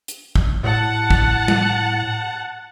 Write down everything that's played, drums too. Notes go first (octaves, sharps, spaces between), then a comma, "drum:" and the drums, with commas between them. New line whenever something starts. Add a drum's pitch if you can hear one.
drum: hi-hat
drum: kick
A2 F#5 A5
drum: kick
drum: tom G3